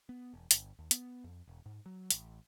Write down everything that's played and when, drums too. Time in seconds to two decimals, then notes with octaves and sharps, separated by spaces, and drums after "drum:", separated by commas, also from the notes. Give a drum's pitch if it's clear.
0.09 B3
0.34 E1
0.51 G1, drum: hi-hat
0.79 D#2
0.91 B3, drum: hi-hat
1.24 F2
1.48 E1
1.66 G#2
1.86 F#3
2.10 A1, drum: hi-hat